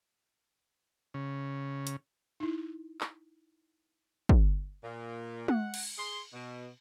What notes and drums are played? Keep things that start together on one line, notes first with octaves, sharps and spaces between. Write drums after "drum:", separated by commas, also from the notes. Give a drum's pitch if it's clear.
C#3
drum: hi-hat
D#4 E4
drum: clap
drum: kick
A#2
F#5, drum: tom G#3
drum: cymbal
G#4 C6
B2